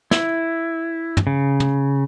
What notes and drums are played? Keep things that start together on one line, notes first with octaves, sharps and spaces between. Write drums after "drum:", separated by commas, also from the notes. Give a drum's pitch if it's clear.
E4, drum: snare
drum: tom
C#3
drum: tom